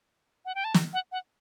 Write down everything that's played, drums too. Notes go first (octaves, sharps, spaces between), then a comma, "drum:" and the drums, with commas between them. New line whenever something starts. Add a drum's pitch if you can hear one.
F#5
G5
A5
drum: snare
F#5
F#5